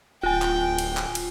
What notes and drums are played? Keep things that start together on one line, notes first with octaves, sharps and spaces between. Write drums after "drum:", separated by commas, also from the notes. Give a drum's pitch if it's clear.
D1 F4 G5 G#5
drum: clap
drum: cymbal
drum: clap
drum: cymbal